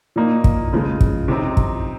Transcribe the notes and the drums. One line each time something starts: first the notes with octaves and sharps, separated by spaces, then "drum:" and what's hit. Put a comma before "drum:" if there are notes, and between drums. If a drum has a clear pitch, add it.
A#2 F3 A#3 D#4
drum: kick
C#3 F3 G#3
drum: kick
C3 F3 C4 D#4
drum: kick